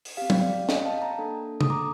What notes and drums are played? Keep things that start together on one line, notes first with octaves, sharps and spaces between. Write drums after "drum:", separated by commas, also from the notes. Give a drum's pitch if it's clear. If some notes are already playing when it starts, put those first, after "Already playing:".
drum: open hi-hat
C4 G4 F5
G5, drum: tom
D5 F5
D#5 G5, drum: snare
F5 A5
A5
G5 A#5
A#3 D4 A4
D#6, drum: tom C#3
A#5 D6